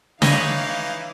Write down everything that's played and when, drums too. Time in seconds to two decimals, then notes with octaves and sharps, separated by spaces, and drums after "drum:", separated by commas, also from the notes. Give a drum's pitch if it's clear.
0.22 E3 D#4 B4 C#5 D#5 F5 D6, drum: snare